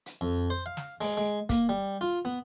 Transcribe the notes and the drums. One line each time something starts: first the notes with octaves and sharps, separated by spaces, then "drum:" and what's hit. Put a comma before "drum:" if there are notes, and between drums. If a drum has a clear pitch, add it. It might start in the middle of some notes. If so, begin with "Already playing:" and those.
drum: hi-hat
F2
C5
F5
drum: snare
G#3, drum: open hi-hat
G#3
A#3, drum: kick, hi-hat
G3
F4
B3